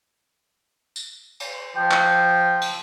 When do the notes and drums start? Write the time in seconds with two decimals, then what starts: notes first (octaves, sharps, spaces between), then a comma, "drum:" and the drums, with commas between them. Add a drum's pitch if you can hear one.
0.96 drum: tambourine
1.40 drum: cymbal
1.77 F3 G5
1.91 drum: clap
2.61 drum: cymbal